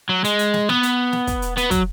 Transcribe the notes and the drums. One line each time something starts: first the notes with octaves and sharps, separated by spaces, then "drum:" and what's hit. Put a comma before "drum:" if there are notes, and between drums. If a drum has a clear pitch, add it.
F#3
G#3, drum: hi-hat
drum: hi-hat
drum: snare
B3, drum: snare
drum: hi-hat
drum: snare
drum: kick, hi-hat
drum: hi-hat
B3, drum: hi-hat
F#3, drum: kick, hi-hat